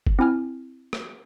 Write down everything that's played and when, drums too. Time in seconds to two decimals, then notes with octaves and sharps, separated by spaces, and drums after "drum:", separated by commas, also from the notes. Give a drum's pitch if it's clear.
0.07 drum: kick F#1
0.19 C4 E4 G#5 F6
0.93 drum: rim click